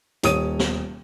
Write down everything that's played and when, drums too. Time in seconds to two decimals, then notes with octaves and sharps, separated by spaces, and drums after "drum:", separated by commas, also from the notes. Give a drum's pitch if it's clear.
0.23 D#1 C#5 D#6 D#7, drum: hi-hat
0.59 drum: snare